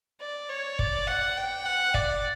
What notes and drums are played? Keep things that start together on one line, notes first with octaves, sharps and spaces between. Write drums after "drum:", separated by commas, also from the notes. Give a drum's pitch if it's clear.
D5
C#5
D5, drum: kick
F#5
G5
F#5
D5, drum: kick